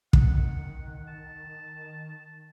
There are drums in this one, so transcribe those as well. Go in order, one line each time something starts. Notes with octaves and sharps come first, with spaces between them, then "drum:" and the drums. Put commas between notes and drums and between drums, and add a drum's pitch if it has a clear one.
D#3 F#5, drum: kick
A5